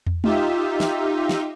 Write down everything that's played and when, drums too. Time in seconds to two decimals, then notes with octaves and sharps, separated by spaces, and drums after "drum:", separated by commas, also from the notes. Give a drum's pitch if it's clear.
0.07 drum: tom
0.24 D#4 F4 G4 E5, drum: tom G#3
0.80 drum: snare
1.29 drum: snare